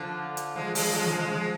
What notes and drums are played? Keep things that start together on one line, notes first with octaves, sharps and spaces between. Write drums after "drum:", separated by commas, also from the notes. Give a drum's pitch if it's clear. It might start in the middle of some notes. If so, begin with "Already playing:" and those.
Already playing: D3 F3
drum: hi-hat
F3 G#3
F3 G#3, drum: open hi-hat
F3 G#3
F3 G#3
F3 G#3
F3 G#3